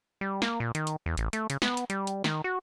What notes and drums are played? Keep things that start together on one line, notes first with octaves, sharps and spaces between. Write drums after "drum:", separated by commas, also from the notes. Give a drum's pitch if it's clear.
G3
A#3, drum: snare
A#2
D#3, drum: hi-hat
drum: hi-hat
E2
A1, drum: hi-hat
A3, drum: hi-hat
C#3, drum: hi-hat
B3, drum: snare
drum: hi-hat
G3, drum: hi-hat
drum: hi-hat
D#3, drum: snare
F#4